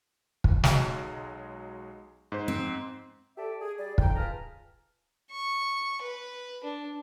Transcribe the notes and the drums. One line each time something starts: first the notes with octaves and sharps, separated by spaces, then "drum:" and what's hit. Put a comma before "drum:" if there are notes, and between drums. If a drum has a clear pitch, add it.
drum: kick
B1 F#3 G#3, drum: snare
G#2 C5
C4
G4 A4 D5 E5
G#4
G3 G#4 D5
F2 G#2 D#4 G5, drum: kick
F4 G#4 B4 A5 A#5 F6
C#6
B4
D4